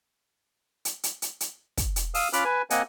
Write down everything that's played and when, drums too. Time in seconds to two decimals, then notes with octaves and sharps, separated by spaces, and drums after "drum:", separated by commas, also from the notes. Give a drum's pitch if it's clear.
0.85 drum: hi-hat
1.03 drum: hi-hat
1.22 drum: hi-hat
1.40 drum: hi-hat
1.77 drum: kick, hi-hat
1.96 drum: hi-hat
2.14 F5 D#6 E6, drum: open hi-hat
2.33 C#4 F4 B5 D6 F6 F#6, drum: hi-hat
2.45 B4 G#5
2.70 A#3 C4 D#5 F#5 G#5, drum: hi-hat